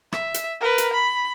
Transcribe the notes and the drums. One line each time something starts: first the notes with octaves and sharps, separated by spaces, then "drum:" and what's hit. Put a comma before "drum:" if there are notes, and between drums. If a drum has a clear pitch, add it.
E5, drum: rim click
drum: hi-hat
A#4 B4
drum: hi-hat
B5